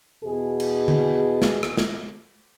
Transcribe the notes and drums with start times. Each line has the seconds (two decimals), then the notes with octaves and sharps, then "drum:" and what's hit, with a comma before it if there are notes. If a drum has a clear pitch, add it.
0.23 E2 B2 G#4
0.60 drum: cymbal
0.88 drum: tom D3
1.42 drum: snare
1.63 drum: rim click
1.77 drum: snare